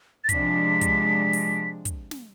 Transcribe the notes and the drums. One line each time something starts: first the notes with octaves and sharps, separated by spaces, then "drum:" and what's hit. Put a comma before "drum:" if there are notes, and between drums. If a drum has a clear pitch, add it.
A6
C3 F3 G#3 D4 B6, drum: kick, hi-hat
drum: kick, hi-hat
drum: open hi-hat
drum: kick, hi-hat
drum: snare